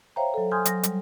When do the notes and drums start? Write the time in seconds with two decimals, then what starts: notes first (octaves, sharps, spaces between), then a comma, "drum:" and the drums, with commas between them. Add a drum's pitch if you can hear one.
0.16 C5 C#5 E5 F5 G5 A#5
0.34 F#3 A4
0.51 G#5 C6 D#6 F6 G6 G#6
0.65 F#3 A#6, drum: hi-hat
0.83 G3, drum: hi-hat